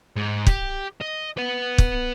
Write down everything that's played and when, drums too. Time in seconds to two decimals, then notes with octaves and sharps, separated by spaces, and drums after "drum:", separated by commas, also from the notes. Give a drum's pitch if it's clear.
0.16 G#2
0.47 G4, drum: kick
1.02 D#5
1.38 B4 F#5
1.78 drum: kick